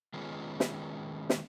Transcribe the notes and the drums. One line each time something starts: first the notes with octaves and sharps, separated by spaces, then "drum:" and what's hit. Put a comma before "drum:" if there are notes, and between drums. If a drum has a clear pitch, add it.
D#3 G#3 B3 C#4 F4 G#4
drum: snare
drum: snare